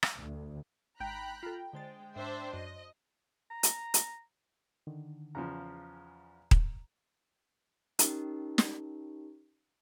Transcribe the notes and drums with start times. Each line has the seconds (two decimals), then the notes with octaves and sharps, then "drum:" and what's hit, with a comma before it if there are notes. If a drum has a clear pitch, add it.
0.03 drum: rim click
0.18 D2
1.00 G#1 G5 A#5 B5 F#6
1.43 F4 A4
1.73 D3 G#3 C5 A6
2.16 G#2 D4 C5 E5
2.54 F#2 D#5
3.51 A#5
3.63 drum: hi-hat
3.94 drum: hi-hat
4.87 D3 D#3
5.35 E2 C#3 F3 A#5
6.51 drum: kick D#1
7.99 C#4 D#4 G4 A#4, drum: hi-hat
8.58 drum: snare